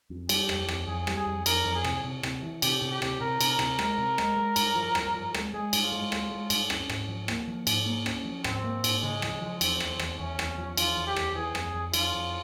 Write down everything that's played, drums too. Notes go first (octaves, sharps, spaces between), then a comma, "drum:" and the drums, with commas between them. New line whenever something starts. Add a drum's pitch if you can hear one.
F2
G3 G4, drum: cymbal
F2, drum: rim click
F2, drum: rim click
F2 G#4
G3, drum: rim click
G#4
F2
F2 A#4, drum: cymbal
F2
G#4
C3, drum: rim click
C3
C3, drum: rim click
E3
C3 G4, drum: cymbal
C3
G4
C3, drum: rim click
C3 A#4
C3, drum: cymbal
A#4
C3, drum: rim click
G#3 A#4, drum: rim click
C3
G#3, drum: rim click
G#3
G2, drum: cymbal
F3
G2, drum: rim click
F3
G#3, drum: rim click
G#3 G#4
G2, drum: cymbal
F4
G#3
G#3, drum: rim click
G#3
G2, drum: cymbal
C#4, drum: rim click
G#2, drum: rim click
F3
A#3, drum: rim click
F3
G#2, drum: cymbal
A#3
C#4, drum: rim click
F3
G#2 C4, drum: rim click
A#3
G#2, drum: cymbal
C#3 G#3
F3, drum: rim click
F3
E2 C4, drum: cymbal
E2, drum: rim click
E2, drum: rim click
E2 C#4
E2, drum: rim click
F3
E2 F4, drum: cymbal
E2
G4
E2, drum: rim click
E3 G#4
F2, drum: rim click
F2
F2 F4, drum: cymbal
F2